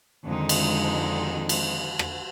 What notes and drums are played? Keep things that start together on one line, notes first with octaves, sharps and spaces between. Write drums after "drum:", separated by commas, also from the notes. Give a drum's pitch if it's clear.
F2 D3 D#3 G#3 D#4
drum: cymbal
drum: cymbal
drum: rim click